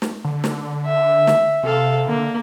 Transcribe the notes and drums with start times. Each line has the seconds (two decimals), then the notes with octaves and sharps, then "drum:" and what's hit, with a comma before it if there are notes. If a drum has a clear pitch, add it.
0.02 drum: snare
0.25 D3
0.44 drum: snare
0.85 E5
1.27 drum: snare
1.63 C3 A4 F5
2.08 D3 A#3